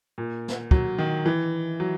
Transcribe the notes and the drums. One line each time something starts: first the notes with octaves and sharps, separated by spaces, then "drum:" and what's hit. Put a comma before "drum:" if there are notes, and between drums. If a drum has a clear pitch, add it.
A#2
drum: snare
F#3, drum: kick
D#3
E3
F#3